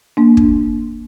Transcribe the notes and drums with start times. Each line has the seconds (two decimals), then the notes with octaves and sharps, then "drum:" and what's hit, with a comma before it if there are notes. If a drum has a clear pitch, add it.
0.17 A#3 D4
0.37 drum: kick